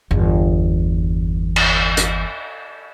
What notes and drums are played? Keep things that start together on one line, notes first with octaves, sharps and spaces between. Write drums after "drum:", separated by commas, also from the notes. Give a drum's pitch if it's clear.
G1 E2
drum: cymbal
drum: hi-hat